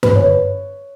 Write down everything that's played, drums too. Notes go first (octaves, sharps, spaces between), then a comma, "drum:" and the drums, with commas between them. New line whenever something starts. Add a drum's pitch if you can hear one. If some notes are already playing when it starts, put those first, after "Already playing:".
B4, drum: tom G2
C#5